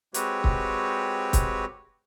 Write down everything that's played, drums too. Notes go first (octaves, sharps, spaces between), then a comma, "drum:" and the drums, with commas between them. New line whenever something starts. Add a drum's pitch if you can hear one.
G#3 C4 F#4 G4 B4 C#5, drum: hi-hat
drum: kick C#1
drum: kick C#1, hi-hat